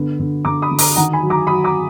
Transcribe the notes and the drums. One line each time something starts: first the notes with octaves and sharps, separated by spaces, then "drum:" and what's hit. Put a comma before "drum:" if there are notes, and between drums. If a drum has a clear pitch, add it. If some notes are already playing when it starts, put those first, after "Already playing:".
Already playing: D3 B3
D3
D3 A#5 D6
B5 D#6
D3
A#5 D6, drum: open hi-hat
D#3 F#5 A#5
G#5 B5
F#3
A#5 D6
F#3 B5 D#6
A#5 D6